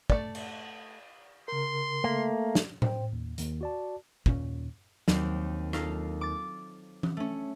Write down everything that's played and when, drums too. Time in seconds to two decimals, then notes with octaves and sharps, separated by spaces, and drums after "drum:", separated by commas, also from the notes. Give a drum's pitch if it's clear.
0.10 A3 D5, drum: kick
0.35 drum: cymbal
1.48 C#3 A#4 C6
2.04 A3 A#3
2.55 drum: snare
2.82 C5 G5, drum: tom A2
3.12 D#2
3.38 D#2 D#3, drum: hi-hat
3.61 F#4 D5 A5
4.26 D#2 A#2 C#4, drum: kick
5.08 D#2 F#3 C4, drum: snare
5.73 D#4 F4 A4 F5, drum: rim click
6.21 D6 A6
7.03 drum: tom E3
7.17 A3 C#4